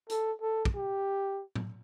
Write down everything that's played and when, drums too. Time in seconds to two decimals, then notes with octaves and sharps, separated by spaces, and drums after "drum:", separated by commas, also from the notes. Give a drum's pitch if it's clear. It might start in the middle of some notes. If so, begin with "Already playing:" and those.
0.09 A4, drum: hi-hat
0.41 A4
0.65 drum: kick
0.75 G4
1.55 drum: tom A2